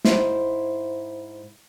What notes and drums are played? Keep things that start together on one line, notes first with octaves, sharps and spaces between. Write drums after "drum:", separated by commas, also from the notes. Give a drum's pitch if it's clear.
G#2 E4 C5, drum: snare